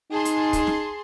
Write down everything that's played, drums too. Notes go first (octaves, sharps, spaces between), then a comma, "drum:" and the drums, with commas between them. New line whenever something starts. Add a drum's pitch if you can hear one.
D#4 G#4 A5 C6
drum: hi-hat
drum: kick, hi-hat
drum: snare